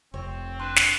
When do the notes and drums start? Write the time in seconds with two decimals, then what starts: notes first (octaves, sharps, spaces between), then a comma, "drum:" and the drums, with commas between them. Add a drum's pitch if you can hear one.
0.14 F1 C4 C#5
0.59 D4 B4 C6
0.76 drum: snare